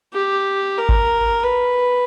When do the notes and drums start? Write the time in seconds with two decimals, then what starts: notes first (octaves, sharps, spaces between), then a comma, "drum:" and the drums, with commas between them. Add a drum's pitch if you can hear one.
0.13 G4
0.78 A#4
0.89 drum: kick G#1
1.43 B4